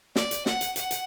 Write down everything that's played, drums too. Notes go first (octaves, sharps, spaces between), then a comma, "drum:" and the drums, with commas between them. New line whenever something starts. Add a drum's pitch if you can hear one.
D5, drum: snare
drum: hi-hat
F#5, drum: snare
drum: hi-hat
F#5, drum: hi-hat
drum: hi-hat